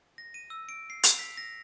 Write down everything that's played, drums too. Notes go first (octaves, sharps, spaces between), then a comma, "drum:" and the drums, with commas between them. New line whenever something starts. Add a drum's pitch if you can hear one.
A#6
D#7
E6
D7
C7
F7, drum: hi-hat
B6
A#6